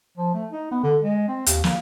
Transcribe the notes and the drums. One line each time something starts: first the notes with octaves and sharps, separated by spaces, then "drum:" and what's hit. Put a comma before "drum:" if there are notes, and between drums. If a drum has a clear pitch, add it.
F3
A3
D#4
B3
D3
G#3
C4
D#2, drum: hi-hat
A#3, drum: snare